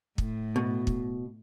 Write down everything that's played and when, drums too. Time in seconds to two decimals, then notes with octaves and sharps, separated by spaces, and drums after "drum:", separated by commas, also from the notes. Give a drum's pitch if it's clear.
0.18 A2, drum: kick
0.56 B2
0.87 drum: kick